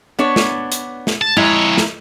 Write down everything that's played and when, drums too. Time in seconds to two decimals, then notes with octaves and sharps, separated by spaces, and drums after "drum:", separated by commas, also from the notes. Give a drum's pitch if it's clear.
0.19 B3 D4 C#5
0.36 drum: snare
0.72 drum: hi-hat
1.07 drum: snare
1.21 A5
1.37 F2 G#3 E4 C#5 A#5
1.78 drum: snare